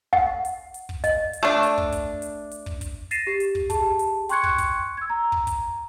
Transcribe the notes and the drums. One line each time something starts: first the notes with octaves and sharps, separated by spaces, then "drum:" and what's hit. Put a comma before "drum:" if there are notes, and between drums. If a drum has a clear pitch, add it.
F#5, drum: kick
drum: hi-hat
drum: hi-hat
drum: kick
D#5, drum: kick, hi-hat
drum: hi-hat
A3 D4
drum: hi-hat
drum: kick
drum: kick, hi-hat
drum: hi-hat
drum: hi-hat
drum: kick
drum: kick, hi-hat
A6 A#6 C7 D#7 E7, drum: hi-hat
G4
drum: hi-hat
drum: kick
G4 G#4 A5, drum: kick, hi-hat
drum: hi-hat
G5 C6 C#6 F#6 G#6 C#7, drum: hi-hat
drum: kick
drum: kick, hi-hat
E6 G#6
A#5
drum: kick
drum: kick, hi-hat